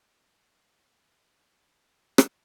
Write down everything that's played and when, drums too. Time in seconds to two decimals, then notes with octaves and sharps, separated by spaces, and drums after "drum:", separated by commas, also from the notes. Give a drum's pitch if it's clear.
0.77 A#4 G5
2.18 drum: rim click